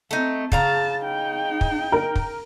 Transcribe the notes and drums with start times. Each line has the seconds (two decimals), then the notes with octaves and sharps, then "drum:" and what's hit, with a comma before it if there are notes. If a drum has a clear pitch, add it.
0.11 A3 C4 D#4
0.52 C#3 F5 A5 A#5, drum: kick
1.03 D#4 G5
1.61 drum: kick
1.92 A#4
2.16 drum: kick